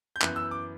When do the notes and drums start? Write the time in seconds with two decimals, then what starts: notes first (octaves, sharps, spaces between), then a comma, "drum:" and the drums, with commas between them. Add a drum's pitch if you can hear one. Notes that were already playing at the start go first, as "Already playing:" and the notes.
0.16 G6
0.21 F#2 E3 B3 F#6, drum: clap
0.36 E6
0.51 D6